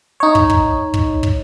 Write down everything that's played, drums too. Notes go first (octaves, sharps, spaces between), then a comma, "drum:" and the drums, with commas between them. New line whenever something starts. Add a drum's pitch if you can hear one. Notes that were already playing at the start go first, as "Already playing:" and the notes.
D#4 C#5
drum: kick
drum: kick
drum: kick
drum: kick